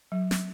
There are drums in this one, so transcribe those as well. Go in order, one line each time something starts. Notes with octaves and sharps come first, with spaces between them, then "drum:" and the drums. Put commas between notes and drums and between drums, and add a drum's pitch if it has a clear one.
F#3
drum: snare